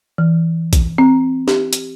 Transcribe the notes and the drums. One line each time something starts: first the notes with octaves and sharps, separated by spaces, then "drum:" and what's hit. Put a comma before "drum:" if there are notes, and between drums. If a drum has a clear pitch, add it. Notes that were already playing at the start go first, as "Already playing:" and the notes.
E3
drum: kick, hi-hat
C4
G4, drum: snare
drum: hi-hat